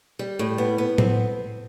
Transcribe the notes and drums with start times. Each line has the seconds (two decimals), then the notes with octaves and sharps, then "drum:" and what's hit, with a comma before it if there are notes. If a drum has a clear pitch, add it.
0.19 G3
0.39 A2
0.58 B3
0.78 B3
0.98 C4, drum: tom A2